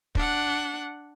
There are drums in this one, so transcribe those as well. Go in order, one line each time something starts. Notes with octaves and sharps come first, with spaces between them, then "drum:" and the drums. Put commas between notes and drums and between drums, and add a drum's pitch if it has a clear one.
D4 F#5, drum: kick